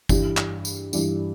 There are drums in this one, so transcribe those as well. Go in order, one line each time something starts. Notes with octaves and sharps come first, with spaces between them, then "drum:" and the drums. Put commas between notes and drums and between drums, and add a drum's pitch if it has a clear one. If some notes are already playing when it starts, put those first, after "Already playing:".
G2 E3 G3, drum: kick G1, tambourine
drum: clap
drum: tambourine
G2 E3 G3, drum: tambourine